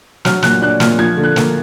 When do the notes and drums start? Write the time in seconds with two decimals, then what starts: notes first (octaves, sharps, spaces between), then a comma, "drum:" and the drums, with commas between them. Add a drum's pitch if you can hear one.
0.25 F#3 F6, drum: snare
0.42 A#2 F#6, drum: snare
0.61 D4 F#6
0.80 A#2 F6, drum: snare
0.98 F3 G#6
1.17 D3
1.23 F#6
1.36 A#3, drum: snare